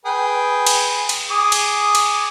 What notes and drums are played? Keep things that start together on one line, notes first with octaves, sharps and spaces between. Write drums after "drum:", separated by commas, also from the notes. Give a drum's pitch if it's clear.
G#4 B4 G5
drum: cymbal
drum: cymbal
G#4 D6 D#6
drum: cymbal
drum: cymbal